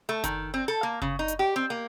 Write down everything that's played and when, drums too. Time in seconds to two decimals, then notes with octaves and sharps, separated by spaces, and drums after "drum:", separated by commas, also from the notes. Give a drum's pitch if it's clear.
0.09 A3
0.24 D#3, drum: kick F#1, hi-hat
0.54 C4
0.68 A4
0.83 A#3
1.02 C#3, drum: kick F#1
1.19 D#4
1.28 drum: hi-hat
1.39 G4
1.56 C4
1.70 A#3